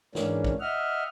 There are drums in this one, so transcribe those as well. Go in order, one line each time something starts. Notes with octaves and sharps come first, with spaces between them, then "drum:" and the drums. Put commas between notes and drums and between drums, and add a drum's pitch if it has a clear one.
G#2 E3 A#3 C#4 D4, drum: snare
drum: kick
D#5 E5 F#5 F6